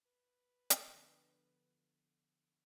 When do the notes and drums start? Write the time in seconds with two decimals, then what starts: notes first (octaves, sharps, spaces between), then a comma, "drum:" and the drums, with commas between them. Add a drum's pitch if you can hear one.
0.06 B4
0.70 drum: hi-hat
0.92 D3 F3 B3